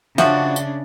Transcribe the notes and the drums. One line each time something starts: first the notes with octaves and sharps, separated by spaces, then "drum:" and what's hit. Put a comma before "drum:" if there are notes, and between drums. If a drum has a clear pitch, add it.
C#3 F3 D4 F#4 E5, drum: snare
drum: tambourine